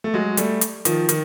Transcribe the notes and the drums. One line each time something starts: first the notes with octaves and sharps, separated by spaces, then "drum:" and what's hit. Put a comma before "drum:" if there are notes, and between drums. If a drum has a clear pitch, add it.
A3
F#3 G#3
G3 A3, drum: hi-hat
drum: hi-hat
D#3 F3, drum: hi-hat
D#3, drum: hi-hat